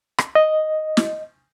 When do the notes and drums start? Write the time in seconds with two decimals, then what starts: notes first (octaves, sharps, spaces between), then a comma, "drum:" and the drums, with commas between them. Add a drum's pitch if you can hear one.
0.18 drum: rim click
0.35 D#5
0.97 drum: snare